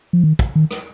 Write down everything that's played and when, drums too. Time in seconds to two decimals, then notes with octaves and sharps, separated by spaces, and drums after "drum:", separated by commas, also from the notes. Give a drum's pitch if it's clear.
0.13 F3
0.24 D#3
0.39 drum: kick
0.55 D#3
0.71 drum: rim click